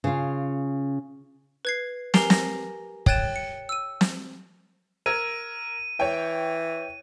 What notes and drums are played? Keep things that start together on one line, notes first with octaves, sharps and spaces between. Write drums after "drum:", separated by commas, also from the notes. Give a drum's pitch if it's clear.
C#3 F4
B4 G#6 C7
G4 A#4 G#5 A#5 C7 D7, drum: snare
A#6, drum: snare
C#5 G5 F#6 A6 D#7 E7, drum: kick
C#7
E6 D#7
drum: snare
A#4 E6 G#6 D#7
E3 C#5 G5